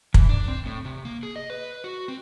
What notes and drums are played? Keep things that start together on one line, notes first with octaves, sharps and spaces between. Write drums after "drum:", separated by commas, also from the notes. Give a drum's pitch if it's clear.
E3, drum: kick
D4
C4
A2
C3
A#3
G#4
D#5
B4
F#4
C4